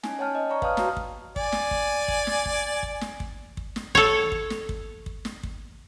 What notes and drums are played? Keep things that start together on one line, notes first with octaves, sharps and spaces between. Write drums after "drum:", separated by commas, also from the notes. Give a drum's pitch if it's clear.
C#4 D#4 G#5, drum: snare
C#5 G5 A5 F6
D#5
C#5 D5 A#5 C#6
B4 F5 G5 A5 D#6 F6, drum: kick
F#4 F5 A#5, drum: snare
drum: kick
D5 G#5, drum: kick
drum: snare
drum: kick
drum: kick
drum: snare
drum: kick
drum: kick
drum: snare
drum: kick
drum: kick
drum: snare
A4 C#5, drum: kick
drum: kick
drum: snare
drum: kick
drum: kick
drum: snare
drum: kick